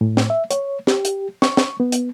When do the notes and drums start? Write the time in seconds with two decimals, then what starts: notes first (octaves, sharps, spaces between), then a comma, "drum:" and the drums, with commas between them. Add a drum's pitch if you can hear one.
0.01 A2
0.17 drum: snare
0.30 E5
0.51 C#5, drum: hi-hat
0.87 G4, drum: snare
1.05 drum: hi-hat
1.42 C#6, drum: snare
1.57 drum: snare
1.80 B3
1.92 drum: hi-hat